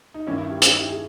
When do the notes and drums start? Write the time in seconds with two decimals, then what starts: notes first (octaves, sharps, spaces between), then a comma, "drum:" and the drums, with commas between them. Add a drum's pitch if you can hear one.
0.14 D#4
0.27 G2 D#3 A#3 C#4 E4
0.38 E4
0.50 G4
0.62 D#4, drum: hi-hat
0.71 E4
0.80 G4
0.89 G#4